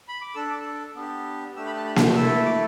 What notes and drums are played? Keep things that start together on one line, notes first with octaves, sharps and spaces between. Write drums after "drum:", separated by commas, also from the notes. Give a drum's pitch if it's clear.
B5
D6
D4 A4 E6
D6
B3 D4 G4
A3 D4 G4 E6
B5
A5
B5
E6, drum: snare A#3
G6
A3 E4 A4 E6
D6